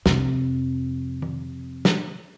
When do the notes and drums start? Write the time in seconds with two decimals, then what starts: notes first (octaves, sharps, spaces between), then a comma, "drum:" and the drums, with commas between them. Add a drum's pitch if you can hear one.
0.06 F2 C3, drum: snare
1.22 drum: tom
1.85 drum: snare